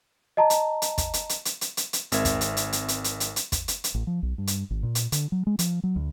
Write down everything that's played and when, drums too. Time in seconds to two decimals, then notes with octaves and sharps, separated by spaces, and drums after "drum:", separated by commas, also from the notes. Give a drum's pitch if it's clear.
0.37 D#5 A5 A#5
0.50 drum: hi-hat
0.82 drum: hi-hat
0.98 drum: kick, hi-hat
1.14 drum: hi-hat
1.29 drum: hi-hat
1.45 drum: hi-hat
1.61 drum: hi-hat
1.77 drum: hi-hat
1.93 drum: hi-hat
2.12 G#1 G#3 C4 A#4 E5 G#6, drum: hi-hat
2.25 drum: kick, hi-hat
2.41 drum: hi-hat
2.57 drum: hi-hat
2.72 drum: hi-hat
2.88 drum: hi-hat
3.04 drum: hi-hat
3.20 drum: hi-hat
3.36 drum: hi-hat
3.52 drum: kick, hi-hat
3.68 drum: hi-hat
3.84 drum: hi-hat
3.94 A1
4.07 F3
4.23 B1
4.38 G2
4.47 drum: hi-hat
4.70 G#1
4.83 A#2
4.95 drum: hi-hat
5.12 D3, drum: hi-hat
5.32 F#3
5.47 G#3
5.59 F3, drum: hi-hat
5.83 F#3
5.96 D2